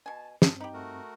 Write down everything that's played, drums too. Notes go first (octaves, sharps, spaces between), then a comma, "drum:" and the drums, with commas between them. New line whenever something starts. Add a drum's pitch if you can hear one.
B2 G#5 A5
G2 C4 G#4 D#5 A5, drum: snare
D#4 G4 B5
A3 F#4 A#4